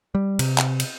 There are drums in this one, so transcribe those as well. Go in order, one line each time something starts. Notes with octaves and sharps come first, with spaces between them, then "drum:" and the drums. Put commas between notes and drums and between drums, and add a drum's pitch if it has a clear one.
G3
C3, drum: cymbal
drum: clap
drum: cymbal